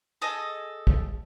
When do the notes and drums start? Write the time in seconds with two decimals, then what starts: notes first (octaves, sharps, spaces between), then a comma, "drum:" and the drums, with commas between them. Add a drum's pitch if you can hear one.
0.22 G#4 A4 D#5
0.87 drum: kick